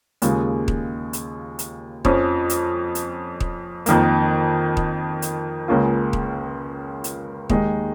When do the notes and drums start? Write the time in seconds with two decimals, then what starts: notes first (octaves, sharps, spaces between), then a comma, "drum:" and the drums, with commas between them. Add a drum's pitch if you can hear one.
0.22 D#2 C#3 G#3 F4, drum: hi-hat
0.68 drum: kick D#1
1.13 drum: hi-hat
1.59 drum: hi-hat
2.05 F2 F3 C#4, drum: kick D#1
2.50 drum: hi-hat
2.95 drum: hi-hat
3.40 drum: kick D#1
3.86 F2 D#3 A#3, drum: hi-hat
4.77 drum: kick D#1
5.22 drum: hi-hat
5.68 C#2 C#3 A#3 C#4 F4
6.13 drum: kick D#1
7.04 drum: hi-hat
7.50 D#2 D#3 G#3 D#4, drum: kick D#1